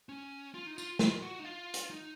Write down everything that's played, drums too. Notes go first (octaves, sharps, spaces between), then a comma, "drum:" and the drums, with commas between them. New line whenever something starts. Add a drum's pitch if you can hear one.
C#4
F4
D#4
F4, drum: tambourine
F4, drum: snare
F#4
D#4
F4
drum: hi-hat
D#4